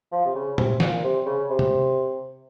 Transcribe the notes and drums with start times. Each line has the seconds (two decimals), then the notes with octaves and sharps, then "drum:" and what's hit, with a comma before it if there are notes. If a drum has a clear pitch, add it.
0.12 F3
0.25 C3
0.35 C#3
0.58 C3, drum: tom A#2
0.80 A#2, drum: snare
1.03 C3
1.26 C#3
1.50 C3
1.59 drum: tom